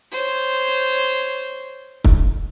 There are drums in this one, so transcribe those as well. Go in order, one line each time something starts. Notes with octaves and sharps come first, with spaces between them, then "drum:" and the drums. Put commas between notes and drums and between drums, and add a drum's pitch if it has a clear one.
C5 C#5
drum: kick